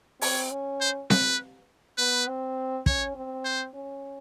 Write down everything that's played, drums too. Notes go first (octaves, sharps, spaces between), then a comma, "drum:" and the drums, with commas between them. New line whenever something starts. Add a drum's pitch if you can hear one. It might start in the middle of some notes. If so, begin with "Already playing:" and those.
C4 C#5, drum: open hi-hat
C#4
C5
B4, drum: snare C4
B3 B4
C4
C#4 C#5, drum: kick
C4
C5
C#4